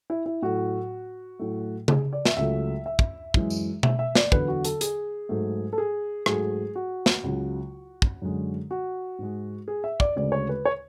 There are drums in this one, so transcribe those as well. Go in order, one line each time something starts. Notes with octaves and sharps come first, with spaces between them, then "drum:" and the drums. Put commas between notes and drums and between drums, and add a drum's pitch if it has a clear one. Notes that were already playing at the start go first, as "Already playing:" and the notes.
E4
E4
A2 F#3 A3 F#4
A2 F#3 A3
G#4, drum: tom C#3
D5
E5, drum: snare
C#2 C#3 F#3 A3 E5
E5
drum: kick
F#2 E3 G#3, drum: kick
drum: tambourine
E5, drum: tom B2
E5
D5, drum: snare
E2 D3 F#3 B4, drum: kick
F#4
A4, drum: hi-hat
G#4, drum: hi-hat
G#2 F#3 A3
A4
G#4
G#2 F#3 A3 G#4, drum: rim click
F#4
drum: snare
C#2 C#3 F#3
drum: kick
F#2 D3 G#3
F#4
G#2 G#3
G#4
E5
D5, drum: kick
D2 C#3 G#3 D5
C#5
B4
C#5